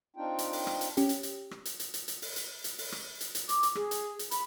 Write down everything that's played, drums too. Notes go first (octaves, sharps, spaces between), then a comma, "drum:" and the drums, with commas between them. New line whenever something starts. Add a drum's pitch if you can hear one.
C4 D4 D#4 F4 G5
drum: hi-hat
drum: open hi-hat
drum: rim click
drum: hi-hat
C#4 G4, drum: hi-hat
drum: hi-hat
drum: hi-hat
drum: rim click
drum: hi-hat
drum: hi-hat
drum: hi-hat
drum: hi-hat
drum: open hi-hat
drum: hi-hat
drum: hi-hat
drum: open hi-hat
drum: rim click
drum: hi-hat
drum: hi-hat
D6, drum: hi-hat
drum: hi-hat
G#4, drum: rim click
drum: hi-hat
drum: hi-hat
B5, drum: hi-hat